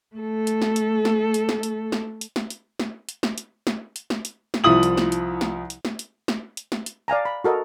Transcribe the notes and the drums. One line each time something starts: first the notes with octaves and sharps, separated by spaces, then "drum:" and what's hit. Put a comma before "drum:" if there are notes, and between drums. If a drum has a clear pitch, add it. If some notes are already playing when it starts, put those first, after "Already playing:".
A3 A4
drum: hi-hat
drum: snare
drum: hi-hat
drum: snare
drum: hi-hat
drum: snare
drum: hi-hat
drum: snare
drum: hi-hat
drum: snare
drum: hi-hat
drum: snare
drum: hi-hat
drum: snare
drum: hi-hat
drum: snare
drum: hi-hat
drum: snare
drum: hi-hat
drum: snare
C2 F3 E4 D#6 F#7
drum: hi-hat
drum: snare
drum: hi-hat
drum: snare
drum: hi-hat
drum: snare
drum: hi-hat
drum: snare
drum: hi-hat
drum: snare
drum: hi-hat
D5 F5 G#5 A#5
B5
F#4 A4 A#4 D#5